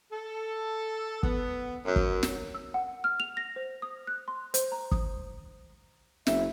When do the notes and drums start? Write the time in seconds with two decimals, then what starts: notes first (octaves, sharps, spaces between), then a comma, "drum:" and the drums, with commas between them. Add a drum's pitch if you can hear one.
0.11 A4
1.23 B3, drum: kick
1.85 F#2
1.96 drum: kick
2.23 drum: snare
2.54 E6
2.74 F#5
3.04 F6
3.20 F7
3.37 A#6
3.56 C5
3.82 D#6
4.07 F#6
4.28 C6
4.54 C5, drum: hi-hat
4.72 A#5
4.91 D#6, drum: kick
6.27 F#1 E5, drum: snare